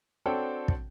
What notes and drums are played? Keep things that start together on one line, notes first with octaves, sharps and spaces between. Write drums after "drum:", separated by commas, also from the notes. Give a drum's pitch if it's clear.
C4 D4 F#4 A4 C#5 G5
drum: kick